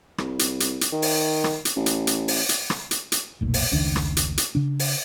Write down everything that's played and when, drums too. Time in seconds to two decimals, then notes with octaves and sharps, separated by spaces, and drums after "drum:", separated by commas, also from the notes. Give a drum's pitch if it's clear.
0.18 C2, drum: rim click
0.39 drum: hi-hat
0.60 drum: hi-hat
0.81 drum: hi-hat
0.92 D#3
1.02 drum: open hi-hat
1.44 drum: rim click
1.65 drum: hi-hat
1.76 A1
1.86 drum: hi-hat
2.07 drum: hi-hat
2.28 drum: open hi-hat
2.49 drum: hi-hat
2.70 drum: rim click
2.91 drum: hi-hat
3.12 drum: hi-hat
3.41 F1 B1 A#2
3.54 drum: open hi-hat
3.71 F1 C#2 D#3 D4
3.96 drum: rim click
4.17 drum: hi-hat
4.38 drum: hi-hat
4.55 C#3 D4
4.79 drum: open hi-hat